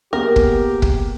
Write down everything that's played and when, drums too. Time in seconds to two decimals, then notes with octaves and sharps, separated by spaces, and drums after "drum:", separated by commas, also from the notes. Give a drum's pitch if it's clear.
0.13 A#3 B3 G4 G#4 A#4
0.36 drum: kick
0.82 drum: kick